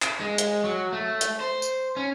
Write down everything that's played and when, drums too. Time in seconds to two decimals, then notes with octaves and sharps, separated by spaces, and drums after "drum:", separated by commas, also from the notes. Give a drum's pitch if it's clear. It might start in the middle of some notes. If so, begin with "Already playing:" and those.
0.02 drum: clap
0.20 G#3
0.38 drum: hi-hat
0.64 F#3
0.93 A3
1.21 drum: hi-hat
1.40 C5
1.62 drum: tambourine
1.97 C#4